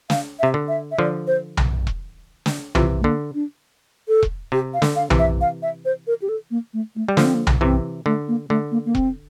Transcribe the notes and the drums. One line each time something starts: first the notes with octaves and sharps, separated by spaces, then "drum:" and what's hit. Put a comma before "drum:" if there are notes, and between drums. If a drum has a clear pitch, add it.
F5, drum: snare
C3 E5
D3
E5
E5
D3 F3 D5
C5
drum: tom B1
drum: kick E1
drum: snare
C3 E3 F4, drum: tom B1
A3
D3 A#3
D4
A4
drum: kick E1
C3 G4
F5
D3, drum: snare
F5
C3 E3, drum: tom B1
E5
F5
E5
C5
A#4
G4
A4
A#3
A3
A3
G3
D3 F3 A#3, drum: snare
C4
A#3
drum: tom B1
C3 E3 C4
D3 A3
A#3
D3 A3
A#3
A#3
C4, drum: kick E1